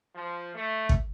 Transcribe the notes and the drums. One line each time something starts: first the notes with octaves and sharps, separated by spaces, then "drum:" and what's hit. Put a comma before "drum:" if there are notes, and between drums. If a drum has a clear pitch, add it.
F3
A3
drum: kick